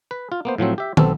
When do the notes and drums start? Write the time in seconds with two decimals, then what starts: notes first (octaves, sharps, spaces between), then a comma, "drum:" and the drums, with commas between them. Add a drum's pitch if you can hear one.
0.11 B4
0.32 F4
0.45 A#3 B3 C5
0.58 A2 F3 F#3 C4
0.78 G4 E5
0.97 B1 B3 C4 A4, drum: tom